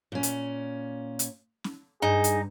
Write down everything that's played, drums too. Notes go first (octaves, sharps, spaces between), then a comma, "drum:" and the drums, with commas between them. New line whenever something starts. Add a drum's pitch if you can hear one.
A#2 C#4
drum: hi-hat
drum: hi-hat
drum: snare C#4
G2 D#4 G#4
drum: hi-hat